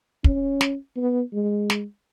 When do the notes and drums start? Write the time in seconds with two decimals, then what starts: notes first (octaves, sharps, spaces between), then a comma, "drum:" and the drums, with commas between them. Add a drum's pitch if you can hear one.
0.24 C#4, drum: kick
0.61 drum: snare
0.97 B3
1.33 G#3
1.70 drum: snare